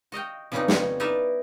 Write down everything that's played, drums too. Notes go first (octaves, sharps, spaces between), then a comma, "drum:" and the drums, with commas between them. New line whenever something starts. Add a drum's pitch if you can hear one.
F#4 D#5 F5 G5
F2 C#3 G3 B3 C#4 D#4
C#5, drum: snare
D#4 E4 B4 D5 E5 F5